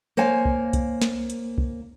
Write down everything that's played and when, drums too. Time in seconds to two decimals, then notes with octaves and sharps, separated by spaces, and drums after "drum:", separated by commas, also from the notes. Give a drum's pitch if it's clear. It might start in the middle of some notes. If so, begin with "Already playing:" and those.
0.17 A#3 C5 C#5 F5 G#5
0.45 drum: kick C2
0.73 drum: kick C2, hi-hat
1.02 drum: snare
1.30 drum: hi-hat
1.58 drum: kick C2